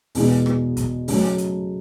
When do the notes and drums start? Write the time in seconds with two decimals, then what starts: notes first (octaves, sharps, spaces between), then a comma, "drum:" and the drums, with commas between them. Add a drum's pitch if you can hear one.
0.15 E2 B2 G#3 B3, drum: open hi-hat
0.46 drum: rim click
0.77 drum: kick, hi-hat
1.08 C#3 F#3 A3, drum: open hi-hat
1.38 drum: hi-hat